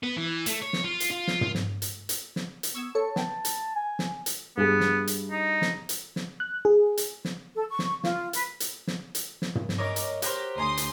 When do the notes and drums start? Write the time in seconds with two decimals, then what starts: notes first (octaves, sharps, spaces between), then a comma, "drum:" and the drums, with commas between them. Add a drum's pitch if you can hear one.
0.03 B3
0.17 E3
0.46 A3, drum: hi-hat
0.62 C#5
0.73 drum: snare
0.84 F4
1.00 drum: hi-hat
1.11 F4
1.27 drum: snare
1.41 drum: tom
1.55 drum: snare
1.82 drum: hi-hat
2.09 drum: hi-hat
2.36 drum: snare
2.63 drum: hi-hat
2.75 B3 C#6 E6 G#6
2.95 A4 C#5 A5 C#7
3.16 B3 G5, drum: snare
3.45 drum: hi-hat
3.75 G#5
3.99 drum: snare
4.26 drum: hi-hat
4.57 G2 B3 G#4
4.80 drum: snare
5.07 drum: hi-hat
5.31 D#4
5.62 drum: snare
5.89 drum: hi-hat
6.16 drum: snare
6.40 F#6
6.65 G#4
6.97 drum: hi-hat
7.25 drum: snare
7.55 A4
7.69 C#6
7.79 drum: snare
8.04 F4, drum: snare
8.33 B4, drum: hi-hat
8.60 drum: hi-hat
8.87 drum: snare
9.15 drum: hi-hat
9.42 drum: snare
9.55 drum: tom
9.69 drum: snare
9.78 F#2 F#3 A#4 C#5 D#5 D6
9.96 drum: hi-hat
10.22 F#4 G4 A#4 C5, drum: hi-hat
10.58 D2 G#5 A#5 C6 D#6
10.77 drum: hi-hat